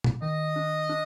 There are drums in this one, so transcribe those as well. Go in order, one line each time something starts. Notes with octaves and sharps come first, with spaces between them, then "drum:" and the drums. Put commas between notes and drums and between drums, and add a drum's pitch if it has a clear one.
drum: tom A#2
D#3 D#5
D4
D4